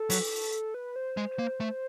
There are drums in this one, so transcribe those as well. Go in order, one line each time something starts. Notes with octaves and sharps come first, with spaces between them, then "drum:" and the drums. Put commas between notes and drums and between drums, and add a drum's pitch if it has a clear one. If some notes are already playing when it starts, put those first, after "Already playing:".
Already playing: A4
F#3, drum: open hi-hat
B4
C5
G#3
A#3
A3